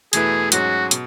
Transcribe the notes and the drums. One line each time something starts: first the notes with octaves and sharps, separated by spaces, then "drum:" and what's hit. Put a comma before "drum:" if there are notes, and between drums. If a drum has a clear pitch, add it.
E2 B2 A3 E4 G#4 B4, drum: hi-hat
G#2 F#3 C#4 F#4 G#4, drum: hi-hat
B2, drum: hi-hat